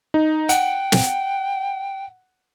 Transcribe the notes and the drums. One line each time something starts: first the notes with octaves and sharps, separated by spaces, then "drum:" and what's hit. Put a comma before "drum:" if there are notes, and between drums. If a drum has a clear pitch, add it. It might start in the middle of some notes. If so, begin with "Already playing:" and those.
D#4
F#5 G5, drum: hi-hat
drum: snare